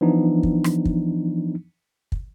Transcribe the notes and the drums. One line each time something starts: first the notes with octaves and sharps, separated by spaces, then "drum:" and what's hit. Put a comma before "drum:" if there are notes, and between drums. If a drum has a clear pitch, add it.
E3 F3 B3 D4 D#4
drum: kick
drum: rim click
drum: kick
drum: kick